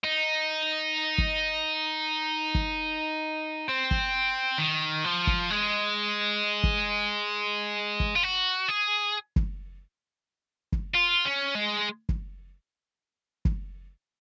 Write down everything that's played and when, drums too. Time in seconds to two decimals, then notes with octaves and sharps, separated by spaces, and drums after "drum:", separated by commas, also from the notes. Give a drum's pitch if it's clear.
0.04 D#4
1.18 drum: kick
2.55 drum: kick
3.68 C4
3.91 drum: kick
4.58 D#3
5.04 F3
5.27 drum: kick
5.50 G#3
6.64 drum: kick
8.00 drum: kick
8.16 F4
8.23 F#4
8.68 G#4
9.36 drum: kick
10.72 drum: kick
10.95 F4
11.25 C#4
11.55 G#3
12.09 drum: kick
13.45 drum: kick